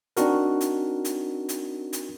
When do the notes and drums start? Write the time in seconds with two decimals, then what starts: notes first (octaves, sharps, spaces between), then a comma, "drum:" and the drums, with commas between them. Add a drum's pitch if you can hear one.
0.17 C4 D4 D#4 F#4 A#4, drum: hi-hat
0.61 drum: hi-hat
1.05 drum: hi-hat
1.49 drum: hi-hat
1.93 drum: hi-hat